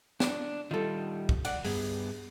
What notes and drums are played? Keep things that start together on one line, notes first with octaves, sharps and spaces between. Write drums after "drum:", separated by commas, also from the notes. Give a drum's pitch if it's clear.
D4, drum: snare
D#3 G3 F4 A4
drum: kick
D5 F#5, drum: cymbal
G2 B3 G#4, drum: open hi-hat